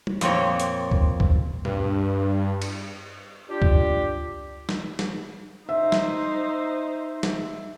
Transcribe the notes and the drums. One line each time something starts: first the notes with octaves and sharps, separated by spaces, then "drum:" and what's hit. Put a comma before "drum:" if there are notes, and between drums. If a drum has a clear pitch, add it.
drum: tom
F2 A#2 C4 C#5, drum: hi-hat
drum: hi-hat
drum: kick C#2
drum: kick C#2
G2, drum: tom A#2
drum: cymbal
D4 F4 G4
drum: kick C#2
drum: snare
drum: snare
D#4 C5 E5
drum: snare
drum: snare